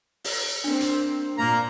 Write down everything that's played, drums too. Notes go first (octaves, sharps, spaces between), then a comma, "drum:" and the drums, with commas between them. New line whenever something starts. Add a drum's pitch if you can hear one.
drum: open hi-hat
A#3 C4 D4
drum: hi-hat
A#2 A#3 A#5